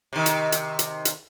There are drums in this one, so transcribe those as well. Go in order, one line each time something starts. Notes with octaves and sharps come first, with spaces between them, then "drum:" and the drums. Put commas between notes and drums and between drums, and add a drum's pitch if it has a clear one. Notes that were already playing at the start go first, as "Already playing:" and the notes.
C3 D#3
drum: hi-hat
drum: hi-hat
drum: hi-hat
drum: hi-hat